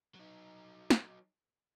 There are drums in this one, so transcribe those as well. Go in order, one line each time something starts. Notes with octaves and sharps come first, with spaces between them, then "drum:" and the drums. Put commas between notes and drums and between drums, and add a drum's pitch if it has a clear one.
F#3 D#4
drum: snare